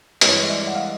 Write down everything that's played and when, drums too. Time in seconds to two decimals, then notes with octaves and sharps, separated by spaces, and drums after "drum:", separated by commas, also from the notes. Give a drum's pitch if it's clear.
0.21 G2 E3 G#3 C#5 D#5, drum: hi-hat
0.48 D5 E5
0.68 F#5
0.75 D#5 F5